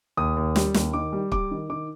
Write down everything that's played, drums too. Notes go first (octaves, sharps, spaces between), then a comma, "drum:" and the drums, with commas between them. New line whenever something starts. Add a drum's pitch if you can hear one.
D#2 D#6
D#2
G3, drum: snare
D#2, drum: snare
D#3 D6
G3
G3 D6, drum: kick
D#3
D#3 D6